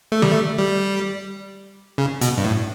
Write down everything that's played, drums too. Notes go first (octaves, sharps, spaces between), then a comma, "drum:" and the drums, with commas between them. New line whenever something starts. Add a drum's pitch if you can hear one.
A3
G3, drum: tom D#3
A3
G3
C#3
B2, drum: hi-hat
G2
A2